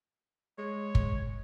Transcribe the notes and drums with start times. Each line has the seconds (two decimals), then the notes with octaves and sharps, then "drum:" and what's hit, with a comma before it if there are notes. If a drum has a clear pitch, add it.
0.59 G#3 C#5
0.95 drum: kick